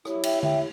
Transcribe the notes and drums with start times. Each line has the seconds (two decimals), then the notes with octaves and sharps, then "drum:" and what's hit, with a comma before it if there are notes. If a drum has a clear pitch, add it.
0.05 E4 G4 C#5, drum: rim click
0.23 E5 G5, drum: cymbal
0.43 E5 G5, drum: tom D3